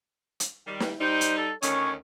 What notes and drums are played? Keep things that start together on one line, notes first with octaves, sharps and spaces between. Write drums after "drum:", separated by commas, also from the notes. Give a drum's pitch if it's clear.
drum: hi-hat
D#3 G3
drum: snare
G3 D#4 C5
drum: hi-hat
A4
D2 D#3 C#4 C#5, drum: hi-hat